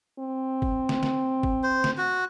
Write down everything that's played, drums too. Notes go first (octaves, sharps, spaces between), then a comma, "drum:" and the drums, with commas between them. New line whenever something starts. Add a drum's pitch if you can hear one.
C4
drum: kick
drum: snare
drum: snare
drum: kick
C5
drum: snare
F#4